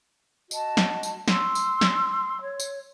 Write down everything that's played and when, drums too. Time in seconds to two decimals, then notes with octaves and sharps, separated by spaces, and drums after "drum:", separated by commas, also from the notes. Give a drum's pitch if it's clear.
0.51 F#4 D#5 A5, drum: tambourine
0.77 drum: snare
1.03 drum: tambourine
1.28 C6 E6, drum: snare
1.55 drum: tambourine
1.81 drum: snare
2.41 C#5
2.60 drum: tambourine